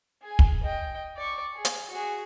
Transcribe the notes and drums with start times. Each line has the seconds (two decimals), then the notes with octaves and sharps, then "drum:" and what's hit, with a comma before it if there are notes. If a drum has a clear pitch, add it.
0.22 G#4 G#5
0.39 drum: kick
0.63 D#5 G5
1.17 D5 C#6
1.54 G#4
1.65 drum: hi-hat
1.90 F#4 G#4